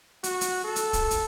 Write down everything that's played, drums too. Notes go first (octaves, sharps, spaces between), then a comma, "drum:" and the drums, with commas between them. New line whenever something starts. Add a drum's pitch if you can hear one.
F#4, drum: hi-hat
drum: hi-hat
A4
drum: hi-hat
drum: kick, hi-hat
drum: hi-hat